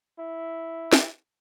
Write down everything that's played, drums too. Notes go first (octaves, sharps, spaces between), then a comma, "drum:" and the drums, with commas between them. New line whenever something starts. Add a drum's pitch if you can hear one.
E4
drum: snare